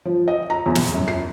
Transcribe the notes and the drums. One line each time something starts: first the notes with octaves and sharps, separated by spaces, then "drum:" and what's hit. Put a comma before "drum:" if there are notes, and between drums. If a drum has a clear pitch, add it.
F3
D#5
A#5
E2
drum: snare
F#2
C7